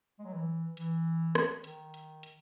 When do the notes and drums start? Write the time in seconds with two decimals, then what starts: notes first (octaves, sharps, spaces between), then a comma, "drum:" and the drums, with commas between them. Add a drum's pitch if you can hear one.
0.19 G#3
0.25 F#3
0.33 E3
0.77 E3, drum: hi-hat
1.35 drum: rim click
1.64 D#3, drum: hi-hat
1.94 drum: hi-hat
2.23 drum: hi-hat